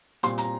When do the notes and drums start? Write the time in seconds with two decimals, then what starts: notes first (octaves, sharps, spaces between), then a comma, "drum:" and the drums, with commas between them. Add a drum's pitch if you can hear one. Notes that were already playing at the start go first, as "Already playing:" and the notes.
0.23 A#2 G3 C4 C6, drum: hi-hat
0.38 A#5, drum: hi-hat